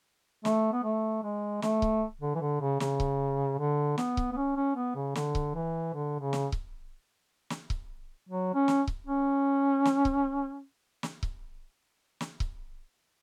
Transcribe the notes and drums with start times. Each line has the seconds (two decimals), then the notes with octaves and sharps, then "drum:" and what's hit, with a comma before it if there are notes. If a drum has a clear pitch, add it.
0.45 A3, drum: snare
0.73 B3
0.84 A3
1.23 G#3
1.62 A3, drum: snare
1.82 drum: kick C#1
2.21 D3
2.35 E3
2.41 D3
2.61 C#3
2.80 C#3, drum: snare
3.00 drum: kick C#1
3.59 D3
3.98 B3, drum: snare
4.17 drum: kick C#1
4.33 B3
4.36 C#4
4.56 C#4
4.76 B3
4.96 C#3
5.15 D3, drum: snare
5.35 drum: kick C#1
5.55 E3
5.94 D3
6.20 C#3
6.33 drum: snare
6.52 drum: kick C#1
7.50 drum: snare
7.70 drum: kick C#1
8.29 F#3
8.54 C#4
8.68 drum: snare
8.87 drum: kick C#1
9.07 C#4
9.85 drum: snare
10.05 drum: kick C#1
11.03 drum: snare
11.23 drum: kick C#1
12.21 drum: snare
12.40 drum: kick C#1